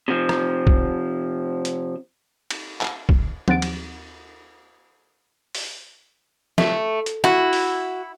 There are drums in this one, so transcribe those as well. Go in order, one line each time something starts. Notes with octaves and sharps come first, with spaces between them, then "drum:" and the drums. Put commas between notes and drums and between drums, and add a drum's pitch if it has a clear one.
C3 F3
drum: rim click
drum: kick
drum: hi-hat
drum: cymbal
drum: clap
drum: kick
D#2 C4 F#5 A6 D7, drum: tom F3
drum: cymbal
drum: open hi-hat
A3, drum: snare
drum: hi-hat
E4 F#4, drum: rim click
drum: open hi-hat